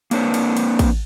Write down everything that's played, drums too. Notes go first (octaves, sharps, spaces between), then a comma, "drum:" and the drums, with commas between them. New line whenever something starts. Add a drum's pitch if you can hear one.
A#3 C4 D4 B4 C#5, drum: cymbal
drum: cymbal
drum: cymbal
drum: kick, cymbal